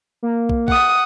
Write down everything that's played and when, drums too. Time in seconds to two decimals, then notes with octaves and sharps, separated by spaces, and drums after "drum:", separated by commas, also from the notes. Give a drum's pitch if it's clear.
0.23 A#3
0.49 drum: kick
0.68 F#5 D#6, drum: kick